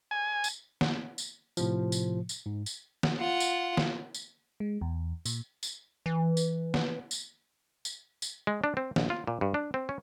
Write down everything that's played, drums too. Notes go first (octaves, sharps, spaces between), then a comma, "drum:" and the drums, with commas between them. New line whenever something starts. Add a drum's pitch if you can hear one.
G#5
drum: tambourine
drum: snare
drum: tambourine
A2 C3 F3, drum: tambourine
drum: tambourine
drum: tambourine
G#2
drum: tambourine
drum: snare
F4 F#5
drum: tambourine
drum: snare
drum: tambourine
G#3
E2
A#2, drum: tambourine
drum: tambourine
E3
drum: tambourine
drum: snare
drum: tambourine
drum: tambourine
drum: tambourine
G#3
D4
C4
A#1, drum: snare
F4
A#2
G2
D4
C4
C#4